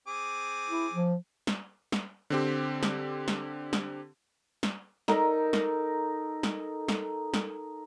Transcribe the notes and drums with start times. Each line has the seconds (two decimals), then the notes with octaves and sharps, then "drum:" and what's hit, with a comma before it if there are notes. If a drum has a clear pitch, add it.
0.08 C4 G#4 D6
0.69 E4
0.93 F3
1.47 drum: snare
1.92 drum: snare
2.30 D3 C4 G4
2.83 drum: snare
3.28 drum: snare
3.73 drum: snare
4.63 drum: snare
5.08 D#4 A4 A#4, drum: snare
5.53 drum: snare
6.43 drum: snare
6.88 drum: snare
7.34 drum: snare